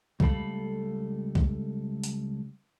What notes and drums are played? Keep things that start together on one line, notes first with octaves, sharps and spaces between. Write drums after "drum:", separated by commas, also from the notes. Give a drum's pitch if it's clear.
C#2 G3 A3 A4 F5 B5, drum: kick
drum: kick
drum: hi-hat